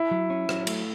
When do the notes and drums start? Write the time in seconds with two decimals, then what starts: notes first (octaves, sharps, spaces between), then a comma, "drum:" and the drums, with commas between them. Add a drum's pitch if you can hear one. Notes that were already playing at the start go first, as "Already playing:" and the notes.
Already playing: E4
0.11 F#3
0.30 C#4
0.49 F#3, drum: rim click
0.67 A3, drum: cymbal